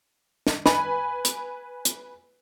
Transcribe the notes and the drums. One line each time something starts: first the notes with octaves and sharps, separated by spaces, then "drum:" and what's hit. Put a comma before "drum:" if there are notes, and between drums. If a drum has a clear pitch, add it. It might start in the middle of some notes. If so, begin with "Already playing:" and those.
drum: snare
B4 G#5 B5, drum: snare
drum: hi-hat
drum: hi-hat